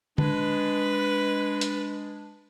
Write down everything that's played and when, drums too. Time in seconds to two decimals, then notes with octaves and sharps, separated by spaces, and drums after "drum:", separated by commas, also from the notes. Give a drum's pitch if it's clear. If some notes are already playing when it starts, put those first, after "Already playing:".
0.18 G#3 D4 B4, drum: tom D3
1.61 drum: hi-hat